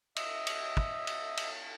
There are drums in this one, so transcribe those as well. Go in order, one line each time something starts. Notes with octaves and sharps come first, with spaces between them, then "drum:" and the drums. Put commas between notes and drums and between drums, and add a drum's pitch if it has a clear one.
D#5 E5, drum: cymbal
drum: cymbal
drum: kick
drum: cymbal
drum: cymbal